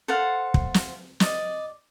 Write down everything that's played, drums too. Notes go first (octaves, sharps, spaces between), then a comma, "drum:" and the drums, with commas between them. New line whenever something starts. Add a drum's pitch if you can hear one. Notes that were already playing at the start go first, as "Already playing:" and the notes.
A4 C5 F5 F#5
drum: kick
drum: snare
D5 D#5, drum: snare